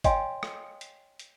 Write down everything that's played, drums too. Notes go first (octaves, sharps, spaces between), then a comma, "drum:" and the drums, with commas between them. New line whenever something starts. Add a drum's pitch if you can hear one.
C#5 D#5 F5 G5 G#5 C6, drum: kick G#1, hi-hat
drum: rim click
drum: hi-hat
drum: hi-hat